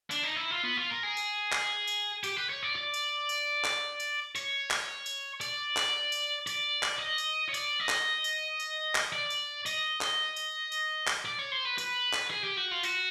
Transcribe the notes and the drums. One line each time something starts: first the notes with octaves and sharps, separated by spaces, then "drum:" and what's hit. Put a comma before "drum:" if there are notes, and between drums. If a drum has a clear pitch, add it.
D4, drum: tambourine
D#4
E4
F4
B3
F4
A#4
G#4
drum: tambourine
drum: clap
drum: tambourine
G4, drum: tambourine
B4
C#5
D5
D5
drum: tambourine
drum: tambourine
drum: clap
drum: tambourine
C#5, drum: tambourine
drum: clap
drum: tambourine
D5, drum: tambourine
drum: clap
drum: tambourine
D5, drum: tambourine
drum: clap
D#5
drum: tambourine
C#5
D5, drum: tambourine
D#5
drum: clap
drum: tambourine
drum: tambourine
drum: clap
D5
drum: tambourine
D#5, drum: tambourine
drum: clap
drum: tambourine
drum: tambourine
drum: clap
D5
C#5
C5
B4
B4, drum: tambourine
drum: clap
G#4
G4
F#4
F4
F#4, drum: tambourine